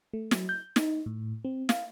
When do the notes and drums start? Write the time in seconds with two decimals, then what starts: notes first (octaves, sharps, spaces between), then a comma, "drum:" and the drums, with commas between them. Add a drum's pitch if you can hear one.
0.13 A3
0.31 F#3, drum: snare
0.49 G6
0.76 D#4, drum: snare
1.06 A2
1.45 C4
1.69 F5, drum: snare